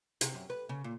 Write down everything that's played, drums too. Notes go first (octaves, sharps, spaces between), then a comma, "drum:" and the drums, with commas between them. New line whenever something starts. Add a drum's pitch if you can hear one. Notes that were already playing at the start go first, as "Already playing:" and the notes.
C3, drum: hi-hat
F#2
B4
C#3
A#2